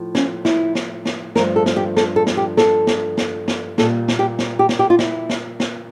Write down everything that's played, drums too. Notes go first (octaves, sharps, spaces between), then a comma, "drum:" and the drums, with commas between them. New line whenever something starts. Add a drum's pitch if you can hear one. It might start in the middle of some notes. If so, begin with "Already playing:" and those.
Already playing: A2 F3
C#4, drum: snare
E4, drum: snare
drum: snare
drum: snare
G2 F3 A3 A#4, drum: snare
A4
drum: snare
G4
A4, drum: snare
A4
drum: snare
G4
A4, drum: snare
drum: snare
drum: snare
drum: snare
A#2 A4, drum: snare
G3
drum: snare
G4
drum: snare
G4
drum: snare
G4
F4
E4, drum: snare
drum: snare
drum: snare